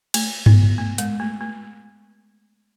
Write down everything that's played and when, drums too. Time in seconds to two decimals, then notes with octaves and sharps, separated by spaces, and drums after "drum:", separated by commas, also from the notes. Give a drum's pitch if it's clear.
0.14 A3, drum: cymbal
0.46 B3, drum: tom G2
0.78 A3
0.98 G#3, drum: hi-hat
1.20 A3
1.41 A3